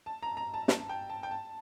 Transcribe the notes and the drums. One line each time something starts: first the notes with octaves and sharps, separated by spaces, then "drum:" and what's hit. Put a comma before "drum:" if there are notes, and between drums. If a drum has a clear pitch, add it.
A5
A#5
A#5
A5
A5, drum: snare
G5
A5
G5
A5